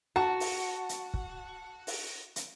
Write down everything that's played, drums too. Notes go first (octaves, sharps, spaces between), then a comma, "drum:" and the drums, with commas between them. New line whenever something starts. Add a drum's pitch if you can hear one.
F#4 A5
drum: open hi-hat
drum: hi-hat
drum: kick
drum: open hi-hat
drum: hi-hat